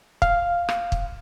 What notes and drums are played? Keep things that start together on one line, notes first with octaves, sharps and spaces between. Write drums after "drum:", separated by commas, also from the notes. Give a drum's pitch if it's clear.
F5, drum: kick
drum: rim click
drum: kick